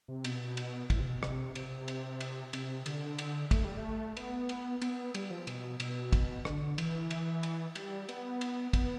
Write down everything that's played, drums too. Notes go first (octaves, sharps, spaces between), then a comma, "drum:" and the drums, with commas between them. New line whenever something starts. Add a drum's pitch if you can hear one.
C3
B2, drum: cymbal
drum: cymbal
A2, drum: kick, cymbal
C3
B2
C3, drum: rim click
C3, drum: cymbal
drum: cymbal
drum: cymbal
C3, drum: cymbal
D3, drum: cymbal
drum: cymbal
A3, drum: kick, cymbal
G3
A3
B3, drum: cymbal
drum: cymbal
B3, drum: cymbal
G3, drum: cymbal
F3
B2, drum: cymbal
B2, drum: cymbal
drum: kick, cymbal
D3, drum: rim click
E3, drum: cymbal
drum: cymbal
drum: cymbal
G3, drum: cymbal
B3, drum: cymbal
drum: cymbal
B3, drum: kick, cymbal